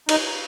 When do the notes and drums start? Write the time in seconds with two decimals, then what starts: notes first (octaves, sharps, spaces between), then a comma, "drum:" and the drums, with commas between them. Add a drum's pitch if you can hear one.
0.09 D#4, drum: cymbal